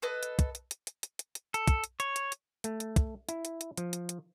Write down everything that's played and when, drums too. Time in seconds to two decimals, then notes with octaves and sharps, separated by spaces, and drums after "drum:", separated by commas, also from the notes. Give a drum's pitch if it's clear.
0.02 A4 B4 D#5
0.23 drum: hi-hat
0.39 drum: kick, hi-hat
0.55 drum: hi-hat
0.71 drum: hi-hat
0.87 drum: hi-hat
1.03 drum: hi-hat
1.19 drum: hi-hat
1.35 drum: hi-hat
1.54 A4, drum: hi-hat
1.68 drum: kick, hi-hat
1.84 drum: hi-hat
2.00 C#5, drum: hi-hat
2.16 drum: hi-hat
2.32 drum: hi-hat
2.64 A3, drum: hi-hat
2.80 drum: hi-hat
2.96 drum: kick, hi-hat
3.29 E4, drum: hi-hat
3.45 drum: hi-hat
3.61 drum: hi-hat
3.77 F3, drum: hi-hat
3.93 drum: hi-hat
4.09 drum: hi-hat